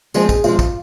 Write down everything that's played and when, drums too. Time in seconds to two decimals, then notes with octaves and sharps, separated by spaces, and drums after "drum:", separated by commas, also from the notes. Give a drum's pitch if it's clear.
0.14 F3 G#3 C4 G#4, drum: tambourine
0.29 G#4, drum: kick, tambourine
0.44 F3 G#3 C4 F4, drum: tambourine
0.59 drum: kick, tambourine